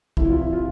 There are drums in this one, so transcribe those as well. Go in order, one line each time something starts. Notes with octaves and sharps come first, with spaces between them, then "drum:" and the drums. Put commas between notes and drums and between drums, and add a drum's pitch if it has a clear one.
E2 C3 F3 E4, drum: kick
F4
E4
F4